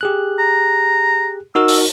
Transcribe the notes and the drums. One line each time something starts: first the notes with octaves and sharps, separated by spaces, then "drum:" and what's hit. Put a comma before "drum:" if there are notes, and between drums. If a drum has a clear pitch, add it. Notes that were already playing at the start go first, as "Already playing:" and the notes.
G4 G#4 F#6
A#5
D#4 F#4 A#4 E6
drum: open hi-hat